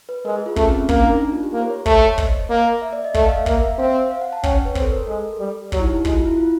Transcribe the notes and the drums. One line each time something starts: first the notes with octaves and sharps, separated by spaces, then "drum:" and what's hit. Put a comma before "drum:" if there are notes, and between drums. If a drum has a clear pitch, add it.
B4
G#3 A#4
G#4
F4
A3 C#4, drum: kick
C4
C#4
A#3 C#4, drum: kick
D4
D#4
D4
D#4
F4
G4
A#3
C5
C#5
A3 C5, drum: kick
C5
C#5
D#5, drum: kick
A#3
E5
D5
D#5
A3 E5, drum: kick
F5
F5
A#3 E5, drum: kick
E5
C4 F5
F5
F#5
A5
C#4 G5, drum: kick
C#5
B4
C4, drum: kick
A4
A#4
G#3 A4
G3
F#3 G4, drum: kick
E4
D#4
E4
G#3 F#4, drum: kick
F4
E4
F4